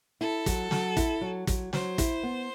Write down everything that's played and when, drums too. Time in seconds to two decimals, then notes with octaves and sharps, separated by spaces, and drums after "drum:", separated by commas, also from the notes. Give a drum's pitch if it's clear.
0.20 E4 A4
0.46 F#3, drum: kick, hi-hat
0.71 F#3, drum: snare
0.97 E4, drum: kick, hi-hat
1.21 F#3
1.47 F#3, drum: kick, hi-hat
1.73 F#3 C5, drum: snare
1.98 E4, drum: kick, hi-hat
2.23 B3